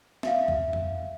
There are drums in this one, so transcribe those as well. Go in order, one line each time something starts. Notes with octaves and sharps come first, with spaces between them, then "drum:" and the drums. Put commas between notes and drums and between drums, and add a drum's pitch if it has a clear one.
E5 F5, drum: snare
drum: kick C#2
drum: tom F2